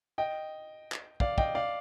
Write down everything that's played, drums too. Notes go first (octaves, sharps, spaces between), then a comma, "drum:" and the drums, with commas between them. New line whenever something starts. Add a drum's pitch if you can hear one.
D#5 G5
drum: clap
D5 F5, drum: kick
D#5 G5, drum: kick
D5 F5